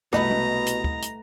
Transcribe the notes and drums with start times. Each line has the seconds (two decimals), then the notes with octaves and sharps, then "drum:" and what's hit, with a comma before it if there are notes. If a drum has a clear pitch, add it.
0.13 C2 B2 A3 B4 D#5 F#5 A#5 B5, drum: rim click
0.31 drum: tom
0.66 drum: hi-hat
0.84 drum: kick
1.02 drum: hi-hat